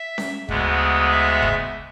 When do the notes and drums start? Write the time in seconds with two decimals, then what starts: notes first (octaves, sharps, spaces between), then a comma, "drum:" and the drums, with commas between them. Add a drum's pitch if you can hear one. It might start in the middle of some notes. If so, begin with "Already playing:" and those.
Already playing: E5
0.18 drum: snare C#4
0.49 D2 C#3 G#3 B3, drum: kick
1.11 E5
1.42 drum: kick